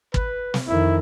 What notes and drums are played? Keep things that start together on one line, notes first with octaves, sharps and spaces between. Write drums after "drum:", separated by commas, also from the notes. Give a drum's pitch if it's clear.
B4, drum: kick
drum: snare
F2 D#3 E4